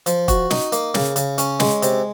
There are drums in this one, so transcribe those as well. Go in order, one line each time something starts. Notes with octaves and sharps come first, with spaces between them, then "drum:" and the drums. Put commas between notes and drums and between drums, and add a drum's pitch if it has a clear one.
F3, drum: hi-hat
F#4, drum: kick E1, hi-hat
D#4, drum: snare
A#3, drum: hi-hat
C#3, drum: snare
C#3, drum: hi-hat
C#4, drum: hi-hat
G#3, drum: snare
C3, drum: hi-hat